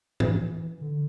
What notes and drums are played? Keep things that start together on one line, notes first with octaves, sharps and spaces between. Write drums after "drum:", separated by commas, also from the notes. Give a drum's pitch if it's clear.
E3, drum: tom
D3